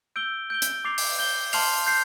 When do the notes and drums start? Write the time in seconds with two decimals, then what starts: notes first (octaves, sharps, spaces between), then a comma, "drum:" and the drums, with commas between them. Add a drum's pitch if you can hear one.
0.16 E6 G6 D7 G7
0.50 G6 D7 G7
0.62 drum: hi-hat
0.85 D6 A6 C7 F7
0.98 drum: open hi-hat
1.19 G6 C7 G7
1.53 A5 C6 F6 C7 F7, drum: open hi-hat
1.87 G6 C7